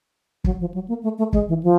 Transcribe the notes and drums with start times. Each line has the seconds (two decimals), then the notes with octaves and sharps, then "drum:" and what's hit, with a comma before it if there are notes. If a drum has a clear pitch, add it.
0.44 F#3, drum: kick
0.60 F3
0.74 F#3
0.88 A#3
1.03 A3
1.18 A3
1.33 G#3, drum: kick
1.48 E3
1.63 F3